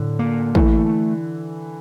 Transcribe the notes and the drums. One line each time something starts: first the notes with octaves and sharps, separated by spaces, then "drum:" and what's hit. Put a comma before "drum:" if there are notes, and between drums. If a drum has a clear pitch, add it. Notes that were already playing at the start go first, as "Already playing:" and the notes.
Already playing: A2 D3
A#3
E3 A3, drum: kick